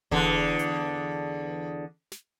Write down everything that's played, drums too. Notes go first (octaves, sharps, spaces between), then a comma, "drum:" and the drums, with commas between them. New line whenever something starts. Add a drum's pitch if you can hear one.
E2 D3, drum: kick E1
drum: hi-hat
drum: snare